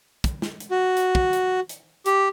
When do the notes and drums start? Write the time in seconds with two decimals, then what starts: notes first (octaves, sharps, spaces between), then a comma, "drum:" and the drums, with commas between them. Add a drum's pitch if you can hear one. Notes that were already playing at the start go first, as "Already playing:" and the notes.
0.24 drum: kick, hi-hat
0.42 drum: snare
0.60 drum: hi-hat
0.71 F#4
0.97 drum: hi-hat
1.15 drum: kick
1.33 drum: hi-hat
1.69 drum: hi-hat
2.06 G4, drum: hi-hat